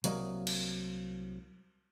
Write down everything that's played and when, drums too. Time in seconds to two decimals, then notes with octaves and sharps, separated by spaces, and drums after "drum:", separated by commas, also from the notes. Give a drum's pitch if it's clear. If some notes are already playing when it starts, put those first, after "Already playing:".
0.04 C2 F#3 A#3 D#5, drum: hi-hat
0.47 drum: cymbal